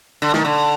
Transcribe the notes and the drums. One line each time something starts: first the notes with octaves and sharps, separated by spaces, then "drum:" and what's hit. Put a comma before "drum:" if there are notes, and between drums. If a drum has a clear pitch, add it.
D3
D#3, drum: snare
D3